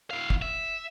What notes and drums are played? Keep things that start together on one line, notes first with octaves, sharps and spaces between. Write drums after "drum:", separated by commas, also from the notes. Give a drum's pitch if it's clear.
E4 F5
drum: kick
E5